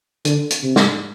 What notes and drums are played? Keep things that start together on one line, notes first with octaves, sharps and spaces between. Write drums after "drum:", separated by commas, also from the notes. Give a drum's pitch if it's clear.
D3, drum: hi-hat
drum: hi-hat
C3
drum: snare